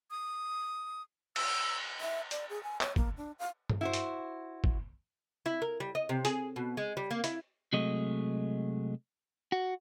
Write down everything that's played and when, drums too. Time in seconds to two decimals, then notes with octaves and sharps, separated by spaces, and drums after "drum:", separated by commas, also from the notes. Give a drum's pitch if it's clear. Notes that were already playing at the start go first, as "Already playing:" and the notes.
0.11 D#6
1.36 E6, drum: cymbal
2.01 E5
2.31 D5, drum: hi-hat
2.49 G#4
2.63 G#5
2.81 C#5, drum: clap
2.96 A#3, drum: kick
3.17 D4
3.39 F5
3.70 drum: tom
3.81 E4 F#4 C5
3.93 drum: hi-hat
4.64 drum: kick
5.46 E4
5.62 A#4
5.80 G3
5.95 D#5
6.09 C3
6.25 G#4, drum: hi-hat
6.56 B2
6.77 G#3
6.97 G3
7.11 A#3
7.24 E4, drum: hi-hat
7.73 C3 F#3 G#3 A3 D#5
9.52 F#4